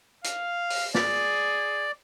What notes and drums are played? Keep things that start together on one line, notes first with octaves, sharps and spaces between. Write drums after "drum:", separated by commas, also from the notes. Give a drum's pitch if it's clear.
F5, drum: hi-hat
drum: open hi-hat
G#4 D5, drum: snare